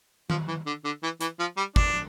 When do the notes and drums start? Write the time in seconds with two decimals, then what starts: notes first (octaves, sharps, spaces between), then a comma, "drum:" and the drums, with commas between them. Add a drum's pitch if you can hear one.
0.30 F3, drum: tom D#3
0.48 E3
0.66 D3
0.84 D3
1.03 E3
1.21 E3, drum: hi-hat
1.39 F3
1.57 G3
1.76 D4, drum: kick